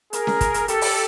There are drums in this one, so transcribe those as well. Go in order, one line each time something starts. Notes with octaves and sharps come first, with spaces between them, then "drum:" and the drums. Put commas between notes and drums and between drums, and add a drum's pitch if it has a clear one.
G#4 A#4, drum: hi-hat
drum: snare C#4
drum: kick, hi-hat
drum: hi-hat
G4 A4, drum: hi-hat
drum: open hi-hat